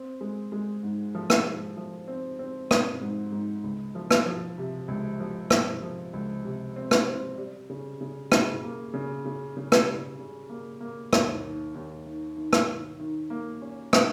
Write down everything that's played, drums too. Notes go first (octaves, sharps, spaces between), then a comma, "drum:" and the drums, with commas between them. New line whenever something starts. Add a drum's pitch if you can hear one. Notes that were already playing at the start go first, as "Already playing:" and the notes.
Already playing: C4
G#3
G#3
G#2
F3
drum: rim click
G#2
F3
C4
C4
C4, drum: rim click
G#2
G#2
C#2
F3
drum: rim click
F3
C3
C#2
F3
C4, drum: rim click
F3
C#2
C3
C4
drum: rim click
C4
G3
C#3
C#3
C#3, drum: rim click
A#3
C#3
C#3
C#3
drum: rim click
G3
C#3
A#3
A#3
D#2, drum: rim click
D#3
D#2
D#3
D#3
drum: rim click
D#3
D#3
A#3
C#4
D#3, drum: rim click